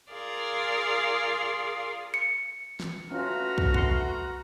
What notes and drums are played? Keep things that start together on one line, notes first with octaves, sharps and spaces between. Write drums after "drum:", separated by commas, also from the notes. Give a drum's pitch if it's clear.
F4 G#4 A#4 D5 F5
C#7
drum: snare
A3 C#4 F4 F#4 B4 A#5 F6
drum: kick
F#5 C6, drum: kick